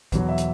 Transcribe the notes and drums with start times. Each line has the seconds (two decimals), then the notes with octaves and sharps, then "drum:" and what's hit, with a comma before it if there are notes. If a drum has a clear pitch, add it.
0.12 E2 B2 F#3, drum: kick, hi-hat
0.29 E5
0.38 drum: hi-hat